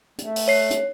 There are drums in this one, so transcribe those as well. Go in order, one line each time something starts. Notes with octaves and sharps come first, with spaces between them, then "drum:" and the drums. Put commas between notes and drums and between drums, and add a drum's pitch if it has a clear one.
A3, drum: hi-hat
drum: open hi-hat
C#5 C7
drum: hi-hat